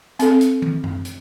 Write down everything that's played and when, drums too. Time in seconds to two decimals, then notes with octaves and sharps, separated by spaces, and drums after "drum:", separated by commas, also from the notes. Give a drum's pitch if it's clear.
0.19 C4 A4, drum: hi-hat
0.41 drum: hi-hat
0.62 drum: tom
0.83 drum: tom F#2
1.05 drum: hi-hat